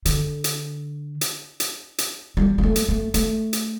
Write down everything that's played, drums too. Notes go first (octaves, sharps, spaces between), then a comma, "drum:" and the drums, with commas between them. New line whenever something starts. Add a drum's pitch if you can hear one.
D3, drum: hi-hat
drum: hi-hat
drum: hi-hat
drum: hi-hat
drum: hi-hat
G3
G3
A3
drum: hi-hat
A3
A3, drum: hi-hat
drum: hi-hat